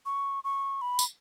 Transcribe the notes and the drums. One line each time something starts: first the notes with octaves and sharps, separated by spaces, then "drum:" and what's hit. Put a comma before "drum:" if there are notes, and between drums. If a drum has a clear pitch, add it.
C#6
C#6
B5
drum: tambourine